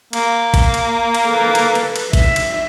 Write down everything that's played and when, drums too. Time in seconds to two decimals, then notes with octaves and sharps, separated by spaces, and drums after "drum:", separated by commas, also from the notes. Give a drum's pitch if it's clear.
0.13 A#3, drum: cymbal
0.54 drum: kick, cymbal
0.74 drum: cymbal
1.14 drum: cymbal
1.28 A4 B4
1.55 drum: cymbal
1.75 drum: cymbal
1.96 drum: cymbal
2.13 E5, drum: kick, cymbal
2.36 drum: cymbal